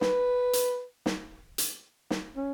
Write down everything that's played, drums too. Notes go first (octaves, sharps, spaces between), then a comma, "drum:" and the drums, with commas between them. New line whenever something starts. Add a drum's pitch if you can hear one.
B4, drum: snare
drum: hi-hat
drum: snare
drum: hi-hat
drum: snare
C#4